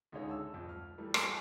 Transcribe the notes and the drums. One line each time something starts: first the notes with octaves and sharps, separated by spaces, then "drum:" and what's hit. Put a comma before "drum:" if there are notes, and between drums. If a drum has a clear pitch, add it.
C#2 D3 D#4 G#4 C#5
A5 E6
F2
F6
E3 G3 A3
G#5 A5, drum: rim click